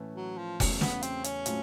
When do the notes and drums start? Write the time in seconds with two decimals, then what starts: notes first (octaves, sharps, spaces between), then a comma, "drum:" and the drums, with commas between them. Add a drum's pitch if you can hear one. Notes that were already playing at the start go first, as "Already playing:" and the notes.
Already playing: A2 E3 A3 C#4
0.16 F#3
0.38 F3
0.60 E2 C#3 F#3 A3 C#4, drum: kick F1, open hi-hat
0.81 B3, drum: snare
1.03 C4, drum: hi-hat
1.24 C#4, drum: hi-hat
1.46 A2 F#3 A3 C4 F4, drum: hi-hat